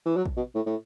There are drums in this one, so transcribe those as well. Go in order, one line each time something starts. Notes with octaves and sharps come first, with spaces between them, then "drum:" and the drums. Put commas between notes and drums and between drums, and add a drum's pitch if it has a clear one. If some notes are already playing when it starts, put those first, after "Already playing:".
E3
F#3
drum: kick
B2
A2
A2